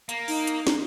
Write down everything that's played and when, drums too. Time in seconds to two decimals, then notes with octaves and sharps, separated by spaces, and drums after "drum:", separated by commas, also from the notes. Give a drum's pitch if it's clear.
0.09 A#3, drum: hi-hat
0.28 D#4, drum: open hi-hat
0.47 drum: hi-hat
0.67 drum: snare